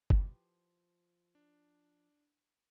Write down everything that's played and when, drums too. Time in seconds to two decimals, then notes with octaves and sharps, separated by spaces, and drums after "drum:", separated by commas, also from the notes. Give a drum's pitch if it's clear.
0.10 F3 G4 B4, drum: kick F#1
1.35 D4